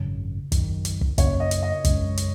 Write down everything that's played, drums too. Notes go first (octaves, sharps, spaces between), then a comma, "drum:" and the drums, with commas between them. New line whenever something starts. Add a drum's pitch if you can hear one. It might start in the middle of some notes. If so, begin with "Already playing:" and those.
Already playing: G#1 F#2 C#3 F#3
F#1 F#2 D#3, drum: kick, hi-hat
drum: hi-hat
drum: kick
F#2 C#3 A#3 C#4 C#5, drum: kick, hi-hat
D#5
drum: hi-hat
D#5
F#2 C#3 G#3 C#4, drum: kick, hi-hat
drum: hi-hat